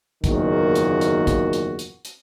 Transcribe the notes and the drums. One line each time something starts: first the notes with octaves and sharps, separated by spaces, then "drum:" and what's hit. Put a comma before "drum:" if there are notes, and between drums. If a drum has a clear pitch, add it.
F#1 E2 A#2 D#3 A#3 F#4, drum: kick, hi-hat
drum: hi-hat
drum: hi-hat
drum: kick, hi-hat
drum: hi-hat
drum: hi-hat
drum: hi-hat